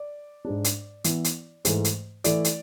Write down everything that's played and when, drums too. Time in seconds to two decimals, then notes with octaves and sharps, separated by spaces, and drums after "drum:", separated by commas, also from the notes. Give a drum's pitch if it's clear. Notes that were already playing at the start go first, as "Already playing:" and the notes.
Already playing: D5
0.45 G#2 G#3 D4
0.64 drum: hi-hat
1.04 E3 B3 E4, drum: hi-hat
1.24 drum: hi-hat
1.65 G#2 E3 A3, drum: hi-hat
1.84 drum: hi-hat
2.24 E3 A3 E4 D5, drum: hi-hat
2.44 drum: hi-hat